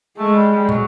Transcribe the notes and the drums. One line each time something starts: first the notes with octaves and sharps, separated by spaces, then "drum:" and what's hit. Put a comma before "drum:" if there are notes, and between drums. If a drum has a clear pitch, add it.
G#3 A3
G3
G3
G3
F#3, drum: tom